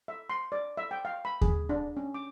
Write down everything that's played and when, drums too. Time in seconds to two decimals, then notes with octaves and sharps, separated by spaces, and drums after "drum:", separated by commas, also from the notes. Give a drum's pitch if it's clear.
0.08 E5
0.30 C6
0.52 D5
0.77 E5
0.91 G5
1.05 F5
1.25 B5
1.41 G#4, drum: kick D#2
1.69 D4
1.97 C#4
2.14 D6